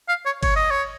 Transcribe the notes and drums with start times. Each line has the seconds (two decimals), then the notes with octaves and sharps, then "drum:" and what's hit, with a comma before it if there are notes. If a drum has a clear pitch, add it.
0.09 F5
0.26 C#5
0.43 C#5, drum: kick G1, cymbal
0.56 D#5
0.71 C#5